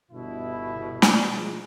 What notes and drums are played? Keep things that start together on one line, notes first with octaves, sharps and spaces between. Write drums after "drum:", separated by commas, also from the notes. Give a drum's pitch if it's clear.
G1 B2 E4
D4, drum: snare
F3 G#3